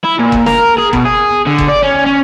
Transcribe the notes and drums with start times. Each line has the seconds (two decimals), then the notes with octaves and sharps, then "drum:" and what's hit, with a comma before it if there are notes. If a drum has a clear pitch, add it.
0.05 E4
0.19 A#2
0.32 drum: kick G1
0.46 A#4, drum: snare
0.78 G#4
0.93 B2, drum: kick G1
1.05 G#4
1.46 D3
1.58 drum: kick G1
1.68 D5
1.82 C#4
2.06 C#4